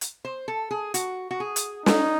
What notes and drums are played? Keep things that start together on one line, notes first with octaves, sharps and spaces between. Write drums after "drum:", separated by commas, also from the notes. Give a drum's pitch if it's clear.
drum: hi-hat
C5
A4
G#4
F#4, drum: hi-hat
F#4
G#4
drum: hi-hat
C#4 D#4, drum: snare